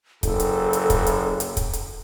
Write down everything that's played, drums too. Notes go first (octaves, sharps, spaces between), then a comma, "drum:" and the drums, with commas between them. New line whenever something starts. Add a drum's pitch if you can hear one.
F#1 A4, drum: kick, hi-hat
drum: hi-hat
drum: hi-hat
drum: kick, hi-hat
drum: hi-hat
drum: hi-hat
drum: kick, hi-hat
drum: hi-hat